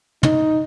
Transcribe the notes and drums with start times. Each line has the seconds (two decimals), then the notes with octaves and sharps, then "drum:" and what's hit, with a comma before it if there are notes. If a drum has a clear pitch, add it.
0.23 D#4, drum: tom